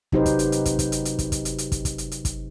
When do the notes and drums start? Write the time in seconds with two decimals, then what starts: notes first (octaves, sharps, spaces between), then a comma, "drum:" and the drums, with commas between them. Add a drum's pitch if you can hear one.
0.12 C3 F#3 D#4 G4 B4 C5, drum: kick
0.26 drum: kick, hi-hat
0.39 drum: hi-hat
0.52 drum: hi-hat
0.65 drum: kick, hi-hat
0.79 drum: kick, hi-hat
0.92 drum: hi-hat
1.05 drum: hi-hat
1.19 drum: kick, hi-hat
1.32 drum: kick, hi-hat
1.45 drum: hi-hat
1.58 drum: hi-hat
1.72 drum: kick, hi-hat
1.85 drum: kick, hi-hat
1.98 drum: hi-hat
2.12 drum: hi-hat
2.25 drum: kick, hi-hat